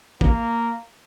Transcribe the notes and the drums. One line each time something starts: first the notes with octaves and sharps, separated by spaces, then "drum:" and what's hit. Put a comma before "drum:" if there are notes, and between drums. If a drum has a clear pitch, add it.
A#3, drum: kick